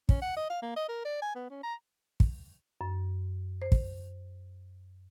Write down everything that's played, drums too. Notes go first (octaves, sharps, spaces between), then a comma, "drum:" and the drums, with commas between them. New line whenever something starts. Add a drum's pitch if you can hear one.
C#4, drum: kick
F#5
D#5
F5
A#3
D#5
A#4
D5
G#5
B3
C#4
A#5
drum: kick
F#2
C5
drum: kick